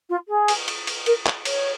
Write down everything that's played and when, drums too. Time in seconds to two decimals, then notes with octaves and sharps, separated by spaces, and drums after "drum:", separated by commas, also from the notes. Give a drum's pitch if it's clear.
0.09 F4
0.28 G#4
0.48 drum: cymbal
0.68 drum: cymbal
0.87 drum: cymbal
1.06 A#4, drum: cymbal
1.26 drum: clap
1.45 C#5, drum: cymbal